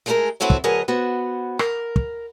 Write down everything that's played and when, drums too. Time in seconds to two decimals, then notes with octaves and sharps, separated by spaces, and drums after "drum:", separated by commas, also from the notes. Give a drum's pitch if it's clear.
0.06 G#3 A3 C#4 E4 G#4 A#4
0.40 B3 C4 E4 F#4 A4 C#5
0.50 drum: kick
0.64 D2 F#3 B3 G#4 A#4 D#5
0.88 B3 F#4 C5
1.59 A#4, drum: rim click
1.96 drum: kick